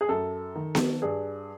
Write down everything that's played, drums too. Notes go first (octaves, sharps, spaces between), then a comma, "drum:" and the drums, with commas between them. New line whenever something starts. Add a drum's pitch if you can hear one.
G#4
F#2 A4
D#3
drum: snare B3
G2 G#4